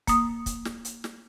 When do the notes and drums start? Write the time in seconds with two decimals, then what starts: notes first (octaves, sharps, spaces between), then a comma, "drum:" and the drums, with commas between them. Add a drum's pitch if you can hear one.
0.07 A#3 D#6, drum: kick, hi-hat
0.46 drum: kick, hi-hat
0.65 drum: snare
0.85 drum: hi-hat
1.04 drum: snare